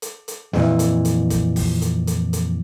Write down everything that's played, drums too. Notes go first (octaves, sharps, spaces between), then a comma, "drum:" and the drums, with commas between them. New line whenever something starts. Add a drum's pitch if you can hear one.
drum: hi-hat
drum: hi-hat
F2 A#2 D#3 E3, drum: snare
drum: hi-hat
drum: hi-hat
drum: kick, hi-hat
drum: kick, open hi-hat
drum: hi-hat
drum: hi-hat
drum: hi-hat